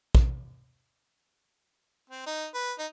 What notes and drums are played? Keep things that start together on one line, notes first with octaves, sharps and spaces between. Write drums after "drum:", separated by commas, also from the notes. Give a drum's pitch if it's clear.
drum: kick
C4
D#4
B4
D#4